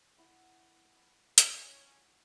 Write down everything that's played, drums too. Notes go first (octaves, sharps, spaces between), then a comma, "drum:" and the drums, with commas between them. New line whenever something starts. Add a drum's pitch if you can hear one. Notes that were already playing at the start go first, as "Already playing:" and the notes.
E4 F#5
C#4, drum: hi-hat